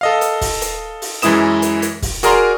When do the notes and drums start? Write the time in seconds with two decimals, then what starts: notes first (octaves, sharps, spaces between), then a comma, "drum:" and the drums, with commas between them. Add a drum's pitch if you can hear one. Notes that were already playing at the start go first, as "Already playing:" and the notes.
0.01 A4 D#5 F5
0.21 drum: hi-hat
0.41 drum: kick, open hi-hat
0.62 drum: hi-hat
1.02 drum: open hi-hat
1.22 F#2 E3 G#3 E4 D#6 E7, drum: hi-hat
1.62 drum: hi-hat
1.82 drum: hi-hat
2.02 drum: kick, open hi-hat
2.23 F#4 G#4 A#4 D5 A#5 C6, drum: hi-hat